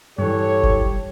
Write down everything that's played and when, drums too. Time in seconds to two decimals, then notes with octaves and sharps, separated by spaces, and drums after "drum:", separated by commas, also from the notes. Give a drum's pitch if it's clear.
0.18 G2 E3 G4 A4 C#5
0.63 drum: kick F#1